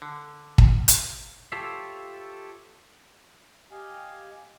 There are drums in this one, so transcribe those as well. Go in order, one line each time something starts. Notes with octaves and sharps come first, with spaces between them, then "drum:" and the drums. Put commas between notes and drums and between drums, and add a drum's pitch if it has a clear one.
D3
drum: kick
drum: hi-hat
F4 G4 A4 C5 C#5 E5
G4 D#5 F5 G#5